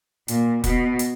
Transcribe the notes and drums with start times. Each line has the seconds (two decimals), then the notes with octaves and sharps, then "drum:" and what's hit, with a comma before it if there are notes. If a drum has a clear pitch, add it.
0.28 A#2, drum: hi-hat
0.64 B2, drum: kick E1, hi-hat
0.99 drum: hi-hat